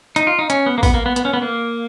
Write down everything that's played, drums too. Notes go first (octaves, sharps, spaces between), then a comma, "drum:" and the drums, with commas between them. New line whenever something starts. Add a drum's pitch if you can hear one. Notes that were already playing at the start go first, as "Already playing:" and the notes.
D#4, drum: hi-hat
F4
D#4
C#4, drum: hi-hat
B3
A#3
B3, drum: kick A#1, open hi-hat
A#3
B3
B3, drum: hi-hat
C#4
B3
A#3